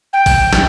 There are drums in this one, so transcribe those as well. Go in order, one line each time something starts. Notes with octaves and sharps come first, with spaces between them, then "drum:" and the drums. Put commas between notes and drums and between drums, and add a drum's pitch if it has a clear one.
G5
drum: kick A1, open hi-hat
drum: snare